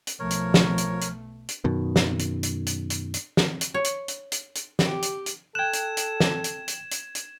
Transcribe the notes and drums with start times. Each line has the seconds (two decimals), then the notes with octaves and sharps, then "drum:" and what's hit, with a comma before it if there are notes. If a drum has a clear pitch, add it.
0.07 drum: hi-hat
0.19 B1 F3 A3 A#4 C#5
0.31 drum: hi-hat
0.54 drum: snare
0.78 drum: hi-hat
1.01 drum: hi-hat
1.49 drum: hi-hat
1.64 F#2 B2 D#3
1.96 drum: snare
2.19 drum: hi-hat
2.43 drum: hi-hat
2.67 drum: hi-hat
2.90 drum: hi-hat
3.14 drum: hi-hat
3.37 drum: snare
3.61 drum: hi-hat
3.74 C#5
3.84 drum: hi-hat
4.08 drum: hi-hat
4.32 drum: hi-hat
4.55 drum: hi-hat
4.79 G4, drum: snare
5.02 drum: hi-hat
5.26 drum: hi-hat
5.55 A4 G5 F#6 G#6 E7
5.73 drum: hi-hat
5.97 drum: hi-hat
6.20 drum: snare
6.44 drum: hi-hat
6.68 drum: hi-hat
6.91 drum: hi-hat
7.15 drum: hi-hat